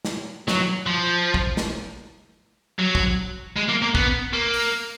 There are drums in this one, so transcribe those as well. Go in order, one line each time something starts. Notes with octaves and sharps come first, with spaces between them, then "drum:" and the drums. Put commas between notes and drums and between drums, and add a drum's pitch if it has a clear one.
drum: snare
F#3, drum: snare
F3
drum: kick
drum: snare
F#3
drum: kick
G#3
A#3
A#3
B3, drum: kick
A#3
drum: open hi-hat